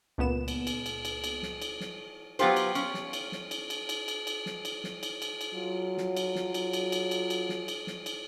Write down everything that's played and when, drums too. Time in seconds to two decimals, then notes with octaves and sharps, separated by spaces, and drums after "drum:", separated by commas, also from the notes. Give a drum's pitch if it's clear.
0.18 C#2 A#2 B3 E7
0.48 drum: cymbal
0.67 drum: cymbal
0.86 drum: cymbal
1.05 drum: cymbal
1.24 drum: cymbal
1.43 drum: snare
1.62 drum: cymbal
1.81 drum: snare
2.39 F#3 B3 F4 G4 C5, drum: cymbal
2.56 drum: cymbal
2.75 C#4, drum: cymbal
2.94 drum: snare
3.13 drum: cymbal
3.32 drum: snare
3.51 drum: cymbal
3.70 drum: cymbal
3.89 drum: cymbal
4.08 drum: cymbal
4.27 drum: cymbal
4.46 drum: snare
4.65 drum: cymbal
4.84 drum: snare
5.03 drum: cymbal
5.22 drum: cymbal
5.41 drum: cymbal
5.54 F#3 F4
5.98 drum: snare
6.17 drum: cymbal
6.35 drum: snare
6.54 drum: cymbal
6.73 drum: cymbal
6.92 drum: cymbal
7.11 drum: cymbal
7.30 drum: cymbal
7.49 drum: snare
7.68 drum: cymbal
7.87 drum: snare
8.06 drum: cymbal